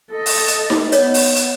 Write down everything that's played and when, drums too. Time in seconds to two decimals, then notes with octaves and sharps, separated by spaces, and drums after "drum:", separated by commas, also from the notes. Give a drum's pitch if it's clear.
0.11 A4 D#5
0.26 drum: open hi-hat
0.48 drum: hi-hat
0.70 drum: snare D#4
0.92 B3 C#5 D#5, drum: hi-hat
1.14 drum: open hi-hat
1.36 drum: hi-hat